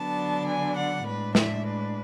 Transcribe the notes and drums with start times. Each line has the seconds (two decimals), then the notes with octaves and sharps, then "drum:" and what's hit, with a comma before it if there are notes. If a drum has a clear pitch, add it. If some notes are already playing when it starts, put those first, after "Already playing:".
Already playing: D3 F#3 B3 D4 A5
0.46 G#5
0.76 F#5
1.05 A2 G#3 D4 B4
1.35 E5, drum: snare
1.65 B4